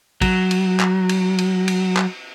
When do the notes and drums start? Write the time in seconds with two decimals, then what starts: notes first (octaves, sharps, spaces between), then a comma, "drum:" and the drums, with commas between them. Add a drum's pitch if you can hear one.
0.21 F#3, drum: kick, cymbal
0.51 drum: cymbal
0.80 drum: clap
1.09 drum: cymbal
1.38 drum: cymbal
1.68 drum: cymbal
1.97 drum: clap